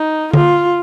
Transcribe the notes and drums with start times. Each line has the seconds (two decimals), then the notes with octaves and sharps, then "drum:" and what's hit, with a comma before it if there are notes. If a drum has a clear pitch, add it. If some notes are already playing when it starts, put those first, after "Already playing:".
Already playing: D#4
0.34 F4, drum: tom D3